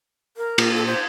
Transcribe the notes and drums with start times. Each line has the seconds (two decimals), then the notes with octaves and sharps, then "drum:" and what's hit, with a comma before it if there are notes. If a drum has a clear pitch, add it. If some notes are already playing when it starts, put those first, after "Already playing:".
0.37 A#4
0.58 A#2, drum: cymbal
0.75 A4
0.87 C5